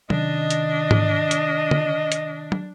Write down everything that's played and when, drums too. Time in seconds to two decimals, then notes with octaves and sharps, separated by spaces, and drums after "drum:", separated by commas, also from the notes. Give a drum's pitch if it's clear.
0.10 C3 D#3 C#4 D4 D#5, drum: tom
0.50 drum: hi-hat
0.91 drum: tom G#2
1.31 drum: hi-hat
1.71 drum: tom
2.12 drum: hi-hat
2.52 drum: tom